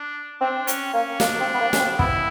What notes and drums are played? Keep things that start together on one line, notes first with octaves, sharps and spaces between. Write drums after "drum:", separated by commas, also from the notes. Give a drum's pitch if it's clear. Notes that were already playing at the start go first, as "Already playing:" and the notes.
Already playing: D4
C4 D4
C#4, drum: hi-hat
A#3 C#4
A#3 D4, drum: snare
C4
B3
A#3
C#4, drum: snare
C4
B3 E4, drum: kick